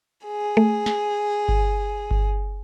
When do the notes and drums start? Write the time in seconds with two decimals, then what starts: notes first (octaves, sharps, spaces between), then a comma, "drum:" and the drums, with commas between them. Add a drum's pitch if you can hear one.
0.24 G#4
0.57 A3
0.86 drum: snare
1.48 drum: kick G1
2.11 drum: kick G1